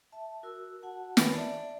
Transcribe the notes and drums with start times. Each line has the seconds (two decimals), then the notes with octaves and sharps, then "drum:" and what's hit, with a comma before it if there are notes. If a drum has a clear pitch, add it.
0.12 E5 A5
0.43 F#4 A#4 E6
0.82 F#4 F#5 A5
1.17 D#3 B3 C#4, drum: snare
1.34 D4 D5 E5